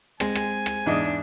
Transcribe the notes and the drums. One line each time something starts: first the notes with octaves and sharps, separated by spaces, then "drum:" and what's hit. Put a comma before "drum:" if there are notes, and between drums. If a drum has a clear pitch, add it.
G#3 C4 G#5, drum: rim click
drum: rim click
drum: rim click
E2 G#2 D4 D#5